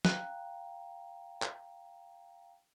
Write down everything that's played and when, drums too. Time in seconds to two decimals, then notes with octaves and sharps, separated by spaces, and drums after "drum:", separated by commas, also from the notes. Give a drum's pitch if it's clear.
0.05 F5 G5 A#5 F#6, drum: snare
1.42 drum: clap